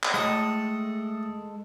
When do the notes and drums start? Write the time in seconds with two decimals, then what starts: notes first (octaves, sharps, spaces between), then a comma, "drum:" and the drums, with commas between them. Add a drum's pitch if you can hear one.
0.03 drum: clap
0.14 A2 G#3 A4 D#5 D#6